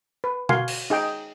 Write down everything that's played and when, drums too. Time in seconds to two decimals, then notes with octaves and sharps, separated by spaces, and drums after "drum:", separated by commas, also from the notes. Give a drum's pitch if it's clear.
0.24 B4
0.49 F#4 A#4 F5 G#5 C6, drum: tom B2
0.68 drum: cymbal
0.90 D#4 G#4 D#5 G5